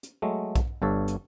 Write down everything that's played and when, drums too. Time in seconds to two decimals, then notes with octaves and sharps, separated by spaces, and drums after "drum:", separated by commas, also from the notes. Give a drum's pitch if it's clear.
0.03 drum: hi-hat
0.22 F#3 G#3 A3
0.55 drum: kick B1, hi-hat
0.82 G1 G2 A4 C#5
1.08 drum: hi-hat